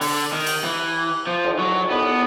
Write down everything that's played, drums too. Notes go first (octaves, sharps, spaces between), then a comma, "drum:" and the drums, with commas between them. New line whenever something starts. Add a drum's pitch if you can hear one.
D3, drum: open hi-hat
D#3
drum: cymbal
E3
F3
drum: cymbal
F#3
B3, drum: cymbal